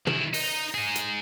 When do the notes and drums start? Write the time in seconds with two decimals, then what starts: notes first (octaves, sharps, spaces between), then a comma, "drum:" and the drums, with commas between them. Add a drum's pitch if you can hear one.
0.07 D#3 E4, drum: tom
0.34 D#4, drum: open hi-hat
0.74 D#4 G#4
0.95 drum: hi-hat